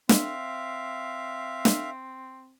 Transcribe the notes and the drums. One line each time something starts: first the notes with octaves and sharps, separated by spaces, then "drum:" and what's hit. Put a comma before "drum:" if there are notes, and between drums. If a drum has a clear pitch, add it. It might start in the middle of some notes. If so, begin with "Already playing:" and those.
C4 E5 F5, drum: snare
drum: snare